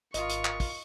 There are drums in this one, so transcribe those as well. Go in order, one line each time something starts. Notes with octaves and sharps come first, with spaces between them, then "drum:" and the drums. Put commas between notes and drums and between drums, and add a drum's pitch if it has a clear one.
G#1 F4 A#4 D#5 C#6, drum: hi-hat
drum: hi-hat
drum: clap
drum: kick, open hi-hat